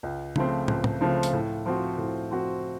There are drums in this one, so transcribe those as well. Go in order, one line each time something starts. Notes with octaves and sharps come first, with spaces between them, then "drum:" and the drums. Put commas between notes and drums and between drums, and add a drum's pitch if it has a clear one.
C#2
C#3 F3 A3 C4, drum: tom C#3
C#2, drum: tom
drum: tom
C#3 F3 A3 C4
drum: hi-hat
A2
F3 C4 F#4
A2
F3 C4 F#4